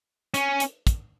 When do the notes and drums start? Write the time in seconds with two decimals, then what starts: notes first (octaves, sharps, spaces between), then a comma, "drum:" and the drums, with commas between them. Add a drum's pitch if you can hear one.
0.34 C#4, drum: hi-hat
0.60 drum: hi-hat
0.87 drum: kick, hi-hat